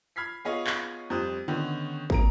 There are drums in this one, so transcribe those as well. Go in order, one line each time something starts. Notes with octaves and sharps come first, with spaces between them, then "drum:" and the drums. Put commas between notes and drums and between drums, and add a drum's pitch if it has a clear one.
B5 F6 G#6 B6 C7
B3 F4 G#4 C#5 D#5 F5
drum: clap
F2 G3 C5 D#6 F#6
D3 D#3 B3 C#4
A#3 A#5 D7, drum: kick